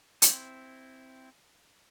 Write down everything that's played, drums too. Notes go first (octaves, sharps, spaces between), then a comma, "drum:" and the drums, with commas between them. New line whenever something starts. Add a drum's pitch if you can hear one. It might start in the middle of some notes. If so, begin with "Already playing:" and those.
C4 E4 C5, drum: hi-hat